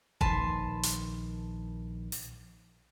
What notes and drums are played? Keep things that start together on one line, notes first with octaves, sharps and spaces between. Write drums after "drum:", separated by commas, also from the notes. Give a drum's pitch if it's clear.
A#1 D#3 B4 A5 C6, drum: kick G1
drum: hi-hat
drum: open hi-hat